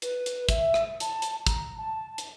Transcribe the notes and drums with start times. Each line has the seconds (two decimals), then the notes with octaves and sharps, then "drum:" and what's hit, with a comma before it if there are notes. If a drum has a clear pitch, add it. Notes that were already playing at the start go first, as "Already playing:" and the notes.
0.02 B4, drum: hi-hat
0.26 drum: hi-hat
0.49 E5, drum: kick, hi-hat
0.74 drum: rim click
1.00 A5, drum: hi-hat
1.22 drum: hi-hat
1.47 A#5, drum: kick, hi-hat
1.78 A5
2.18 drum: hi-hat